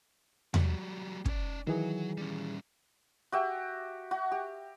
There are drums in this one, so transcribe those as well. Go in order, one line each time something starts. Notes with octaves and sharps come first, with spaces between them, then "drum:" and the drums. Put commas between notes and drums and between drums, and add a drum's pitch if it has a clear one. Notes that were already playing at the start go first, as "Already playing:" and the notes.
F#3 G3, drum: tom E2
C#4 D5, drum: kick
D#3 E3 F#3 G#4
G3 C#4
F#4 G4 E5
F#4
G4